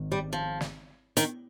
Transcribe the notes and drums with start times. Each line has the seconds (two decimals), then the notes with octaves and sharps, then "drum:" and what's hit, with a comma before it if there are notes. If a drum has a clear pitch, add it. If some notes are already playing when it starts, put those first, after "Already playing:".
Already playing: G#1 G#2 D#3
0.12 G3
0.33 F3
0.61 drum: snare
1.17 D#3, drum: hi-hat